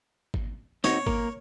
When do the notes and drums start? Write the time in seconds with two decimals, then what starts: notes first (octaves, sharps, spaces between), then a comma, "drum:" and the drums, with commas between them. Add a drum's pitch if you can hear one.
0.34 drum: kick G#1
0.84 C4 D#4 F#4 C#5, drum: snare
1.06 A#3 A#4, drum: kick G#1